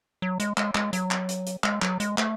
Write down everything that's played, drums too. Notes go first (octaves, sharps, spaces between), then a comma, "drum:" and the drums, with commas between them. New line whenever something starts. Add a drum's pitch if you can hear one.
F#3
G#3, drum: hi-hat
G#3, drum: clap
G#3, drum: clap
F#3, drum: hi-hat
drum: clap
drum: hi-hat
drum: hi-hat
G#3, drum: clap
F#3, drum: clap
G#3, drum: hi-hat
A3, drum: clap